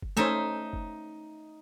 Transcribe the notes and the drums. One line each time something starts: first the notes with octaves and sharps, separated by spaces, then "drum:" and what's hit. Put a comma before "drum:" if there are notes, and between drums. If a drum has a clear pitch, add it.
drum: kick
A3 C#4 D#4 C5 E5
drum: kick